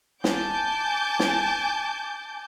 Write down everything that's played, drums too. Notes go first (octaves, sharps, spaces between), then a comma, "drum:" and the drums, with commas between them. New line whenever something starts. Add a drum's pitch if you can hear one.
G#5 A5 D6 G6, drum: snare
drum: snare